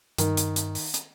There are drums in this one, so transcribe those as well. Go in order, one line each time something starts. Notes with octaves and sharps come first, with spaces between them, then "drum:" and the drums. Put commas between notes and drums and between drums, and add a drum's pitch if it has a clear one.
G2 D#3, drum: hi-hat
drum: hi-hat
drum: hi-hat
drum: open hi-hat
drum: hi-hat